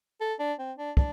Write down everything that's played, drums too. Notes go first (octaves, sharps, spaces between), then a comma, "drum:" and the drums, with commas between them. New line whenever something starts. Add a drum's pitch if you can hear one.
A4
D4
C4
D4
D4, drum: kick